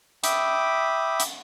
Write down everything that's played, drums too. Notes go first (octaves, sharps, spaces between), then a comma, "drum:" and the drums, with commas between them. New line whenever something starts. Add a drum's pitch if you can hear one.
E5 G5 B5 D6 D#6, drum: hi-hat
drum: hi-hat